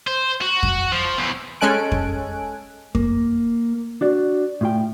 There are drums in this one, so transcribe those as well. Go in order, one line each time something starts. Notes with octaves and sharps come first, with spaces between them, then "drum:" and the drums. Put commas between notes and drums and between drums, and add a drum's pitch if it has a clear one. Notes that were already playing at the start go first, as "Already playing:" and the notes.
C5
F#4
drum: kick F2
F3
E2
G#3 C#4 A4 G#5 F#6 D7
drum: kick F2
A#3, drum: kick F2
D4 F#4 D5
A2 F4 G5